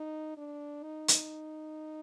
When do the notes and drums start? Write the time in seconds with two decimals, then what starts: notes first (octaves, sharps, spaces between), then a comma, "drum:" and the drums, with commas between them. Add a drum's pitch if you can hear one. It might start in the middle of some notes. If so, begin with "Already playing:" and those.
Already playing: D#4
0.37 D4
0.83 D#4
1.08 drum: hi-hat